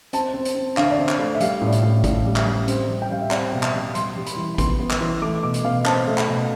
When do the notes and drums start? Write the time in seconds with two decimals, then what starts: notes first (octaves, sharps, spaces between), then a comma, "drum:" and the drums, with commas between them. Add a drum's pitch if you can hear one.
0.13 C4 A5, drum: hi-hat
0.34 C4
0.45 drum: hi-hat
0.55 C4
0.77 D3 F5, drum: clap
0.84 E5
0.91 D5
0.99 C4 E5
1.09 drum: clap
1.19 A3
1.35 E5
1.40 G3 F5, drum: hi-hat
1.62 A2
1.68 D5
1.72 E5, drum: hi-hat
1.83 A2
2.04 A2 D5, drum: kick G#1, hi-hat
2.25 G3
2.36 E5, drum: clap
2.46 G3
2.68 C4, drum: hi-hat
2.89 G3
3.02 G5
3.10 G3 F5
3.22 E5
3.31 C4 D5, drum: clap
3.52 B2
3.63 E5, drum: clap
3.74 G3
3.95 G3 C6, drum: hi-hat
4.16 G3
4.26 B5, drum: hi-hat
4.37 E3
4.55 B5
4.58 B3 C6, drum: kick G#1, hi-hat
4.80 B3
4.90 E6, drum: clap
5.01 E3
5.22 A3 D6
5.43 B2 D6
5.54 drum: hi-hat
5.65 B2 F5
5.85 C4 A5, drum: clap
6.07 A3
6.18 B5, drum: clap
6.28 B2